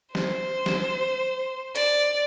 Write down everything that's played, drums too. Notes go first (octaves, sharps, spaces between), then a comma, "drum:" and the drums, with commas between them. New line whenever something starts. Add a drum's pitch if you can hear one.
C5, drum: snare
drum: snare
D5, drum: hi-hat